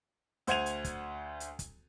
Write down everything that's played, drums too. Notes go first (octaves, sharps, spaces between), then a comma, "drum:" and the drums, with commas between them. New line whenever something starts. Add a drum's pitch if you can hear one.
D2 C5 F#5 G#6 D#7 F7, drum: hi-hat
drum: hi-hat
drum: kick, hi-hat
drum: hi-hat
drum: kick, hi-hat